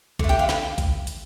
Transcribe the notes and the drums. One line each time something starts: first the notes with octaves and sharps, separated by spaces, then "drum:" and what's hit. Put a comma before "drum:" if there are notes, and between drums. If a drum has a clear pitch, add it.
D3 A3, drum: kick A#1
G4
F4
drum: snare
drum: kick A#1, hi-hat
drum: hi-hat